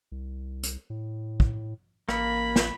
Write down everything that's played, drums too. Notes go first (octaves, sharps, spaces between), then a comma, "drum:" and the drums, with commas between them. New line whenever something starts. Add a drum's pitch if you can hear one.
C2
drum: hi-hat
A2
drum: kick
A1 A#3 B5, drum: rim click
drum: snare